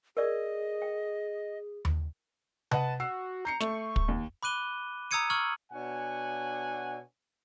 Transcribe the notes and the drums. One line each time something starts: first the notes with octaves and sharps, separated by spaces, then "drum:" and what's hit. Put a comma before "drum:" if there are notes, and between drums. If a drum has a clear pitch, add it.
G#4 A#4 D5 D#5
G5
drum: tom D#2
B4 D#5 F#5 A5, drum: tom C3
F#4 E6 C7
A#5 G6 C7 C#7
A3 C#6, drum: snare
drum: kick
D#2
B5 D6 F#6 D#7 G7
A#5 D#6 E6 G#6 C#7 D#7
C#6 E6 F6 G#6 F#7
B2 D4 C#5 F#5 G#5